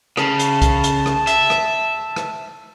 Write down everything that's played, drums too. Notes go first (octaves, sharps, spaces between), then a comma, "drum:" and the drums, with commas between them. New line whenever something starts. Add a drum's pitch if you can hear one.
C#3 A5, drum: rim click
drum: hi-hat
drum: kick C2, hi-hat
drum: hi-hat
drum: rim click
E5, drum: hi-hat
drum: rim click
drum: rim click